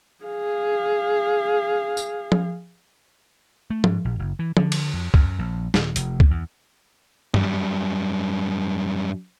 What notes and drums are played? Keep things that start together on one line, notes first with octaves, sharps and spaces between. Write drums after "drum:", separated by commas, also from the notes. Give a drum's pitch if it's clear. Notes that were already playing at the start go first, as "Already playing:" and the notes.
G#4 F5
drum: tambourine
drum: tom F3
A3
G#2, drum: tom F3
A#1
F#1
E3
D3, drum: tom F3
drum: cymbal
F2
F#2, drum: kick C#2
A#1
D#1, drum: snare
F1, drum: hi-hat
drum: kick C#2
E2
F#2 G3, drum: tom G2